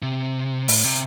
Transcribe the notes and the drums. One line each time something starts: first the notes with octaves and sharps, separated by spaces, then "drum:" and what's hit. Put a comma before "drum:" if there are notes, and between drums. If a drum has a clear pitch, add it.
C3
A2, drum: open hi-hat
C3